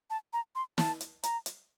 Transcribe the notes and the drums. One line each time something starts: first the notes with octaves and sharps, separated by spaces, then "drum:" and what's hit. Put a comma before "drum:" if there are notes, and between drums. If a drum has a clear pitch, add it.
A5
A#5
C6
A5, drum: snare
drum: hi-hat
A#5, drum: hi-hat
drum: hi-hat